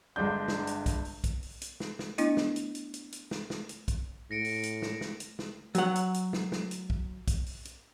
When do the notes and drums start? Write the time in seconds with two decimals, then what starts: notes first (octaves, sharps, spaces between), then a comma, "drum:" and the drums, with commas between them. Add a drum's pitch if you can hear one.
0.16 G1 G2 G#3 D4 G6
0.48 drum: snare
0.67 drum: hi-hat
0.86 drum: kick A#1, hi-hat
1.05 drum: open hi-hat
1.24 drum: kick A#1, hi-hat
1.43 drum: open hi-hat
1.61 drum: hi-hat
1.80 drum: snare
1.99 drum: snare
2.18 A3 B3 D4 E4 D#5, drum: hi-hat
2.37 drum: snare
2.56 drum: hi-hat
2.75 drum: hi-hat
2.94 drum: hi-hat
3.12 drum: hi-hat
3.31 drum: snare
3.50 drum: snare
3.69 drum: hi-hat
3.88 drum: kick A#1, hi-hat
4.31 A2 A#6 C#7 D7
4.45 drum: open hi-hat
4.63 drum: hi-hat
4.82 drum: snare
5.01 drum: snare
5.20 drum: hi-hat
5.39 drum: snare
5.75 F#3 F#5, drum: hi-hat
5.95 drum: hi-hat
6.14 drum: hi-hat
6.33 drum: snare
6.52 drum: snare
6.71 drum: hi-hat
6.90 drum: kick A#1
7.28 drum: kick A#1, hi-hat
7.46 drum: open hi-hat
7.65 drum: hi-hat